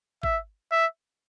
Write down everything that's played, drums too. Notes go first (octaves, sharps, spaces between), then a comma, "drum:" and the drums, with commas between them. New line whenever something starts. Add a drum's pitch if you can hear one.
E5, drum: kick
E5